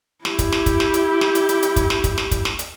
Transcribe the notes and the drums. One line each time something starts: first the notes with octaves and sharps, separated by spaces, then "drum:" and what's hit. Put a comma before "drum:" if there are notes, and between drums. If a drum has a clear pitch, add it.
E4 G4, drum: snare
drum: kick, hi-hat
drum: snare
drum: kick, hi-hat
drum: snare
drum: hi-hat
drum: snare
drum: hi-hat
drum: hi-hat
drum: hi-hat
drum: kick, hi-hat
drum: snare
drum: kick, hi-hat
drum: snare
drum: kick, hi-hat
drum: snare
drum: hi-hat